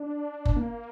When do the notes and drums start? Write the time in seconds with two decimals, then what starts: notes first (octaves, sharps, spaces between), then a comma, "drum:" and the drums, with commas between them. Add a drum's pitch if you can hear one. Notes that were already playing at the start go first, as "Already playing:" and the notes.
Already playing: D4
0.45 drum: kick F#1
0.56 A#3